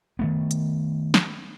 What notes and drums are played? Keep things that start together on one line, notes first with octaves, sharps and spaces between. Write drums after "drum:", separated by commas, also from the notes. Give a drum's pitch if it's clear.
D#3 A3 B3
drum: hi-hat
drum: snare